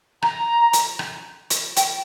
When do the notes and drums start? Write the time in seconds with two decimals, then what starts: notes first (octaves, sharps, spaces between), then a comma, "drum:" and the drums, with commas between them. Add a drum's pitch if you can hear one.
0.22 A#5, drum: rim click
0.73 drum: hi-hat
0.99 drum: rim click
1.50 drum: hi-hat
1.77 G5, drum: hi-hat